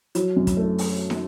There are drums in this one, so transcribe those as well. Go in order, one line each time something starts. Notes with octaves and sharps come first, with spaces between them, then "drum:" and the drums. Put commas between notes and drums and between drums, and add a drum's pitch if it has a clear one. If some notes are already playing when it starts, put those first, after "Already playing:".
F#3, drum: hi-hat
F#2
drum: kick, hi-hat
A3
drum: open hi-hat
drum: snare